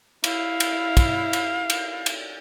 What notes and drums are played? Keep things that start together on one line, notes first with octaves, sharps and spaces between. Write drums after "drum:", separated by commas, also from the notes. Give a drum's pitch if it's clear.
E4 F5, drum: cymbal
drum: cymbal
drum: kick, cymbal
drum: cymbal
drum: cymbal
drum: cymbal